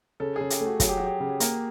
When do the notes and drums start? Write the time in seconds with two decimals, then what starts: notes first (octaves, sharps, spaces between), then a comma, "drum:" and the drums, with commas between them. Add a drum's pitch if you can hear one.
0.20 C#3 A4
0.36 C#3 G#4
0.50 G4, drum: hi-hat
0.61 A3 F#4
0.80 F#3 G#4, drum: kick, hi-hat
0.89 G4
0.97 F#3 F#4
1.06 G4
1.20 C#3
1.40 A#3, drum: hi-hat